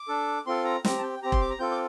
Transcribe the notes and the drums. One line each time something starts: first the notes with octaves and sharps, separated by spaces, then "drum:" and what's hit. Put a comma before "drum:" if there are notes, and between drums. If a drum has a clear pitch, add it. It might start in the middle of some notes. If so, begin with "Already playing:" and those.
Already playing: D6
D4 A4
C4 F4 A4 C6
A#5
C4 G4 A#5, drum: snare
A5
G5
C4 G4 A#5
C6, drum: kick E1
D6
A#5
C4 F4 A4 G6
D6